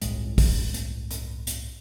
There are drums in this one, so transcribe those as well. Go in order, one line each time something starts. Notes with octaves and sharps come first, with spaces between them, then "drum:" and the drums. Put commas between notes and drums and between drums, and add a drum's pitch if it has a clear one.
G1 C2 A2 G#3, drum: hi-hat
drum: kick, open hi-hat
drum: hi-hat
drum: hi-hat
drum: hi-hat